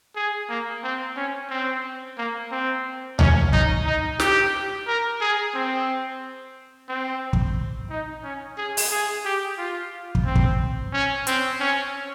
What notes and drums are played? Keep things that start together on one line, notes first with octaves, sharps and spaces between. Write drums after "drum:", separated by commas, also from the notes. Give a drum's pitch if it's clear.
G#4
A#3
C4
C#4
C4
A#3
C4
C#4, drum: tom C#2
D#4, drum: kick
D#4
G4, drum: snare
A#4
G#4
C4
C4
drum: kick
D#4
C#4
G#4
drum: open hi-hat
G#4
G4
F4
drum: kick
C4
drum: kick
C#4
C4, drum: hi-hat
C#4